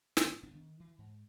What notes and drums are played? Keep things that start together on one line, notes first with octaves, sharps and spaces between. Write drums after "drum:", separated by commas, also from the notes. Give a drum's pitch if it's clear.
F#1 D3 F#3, drum: snare
G#2
G1 A2 B3 D4
D#3
E3
G#2